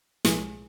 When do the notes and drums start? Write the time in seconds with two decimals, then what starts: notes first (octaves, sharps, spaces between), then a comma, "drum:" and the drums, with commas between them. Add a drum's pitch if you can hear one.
0.25 B1 A2 F3 G#3 G#4, drum: snare